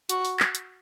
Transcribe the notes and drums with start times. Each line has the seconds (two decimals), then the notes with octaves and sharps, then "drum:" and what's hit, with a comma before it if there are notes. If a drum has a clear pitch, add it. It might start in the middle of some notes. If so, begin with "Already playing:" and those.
0.09 F#4, drum: hi-hat
0.25 drum: open hi-hat
0.40 drum: clap
0.55 drum: hi-hat